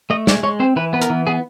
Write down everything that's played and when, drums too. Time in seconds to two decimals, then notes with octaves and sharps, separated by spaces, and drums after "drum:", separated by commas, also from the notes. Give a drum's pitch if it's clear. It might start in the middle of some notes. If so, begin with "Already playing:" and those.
0.10 A3 D#5
0.27 G#3 D5, drum: snare
0.43 G#3 C#5
0.60 C4 C5
0.76 E3 B4
0.93 B3 B4
1.02 A#4, drum: hi-hat
1.10 E3
1.27 B3 G#4